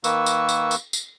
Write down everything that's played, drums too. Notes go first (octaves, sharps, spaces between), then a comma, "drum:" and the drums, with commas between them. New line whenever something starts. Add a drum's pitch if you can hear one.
D#3 A#3 B4 C#6 E6, drum: tambourine
drum: tambourine
drum: tambourine
drum: tambourine
drum: tambourine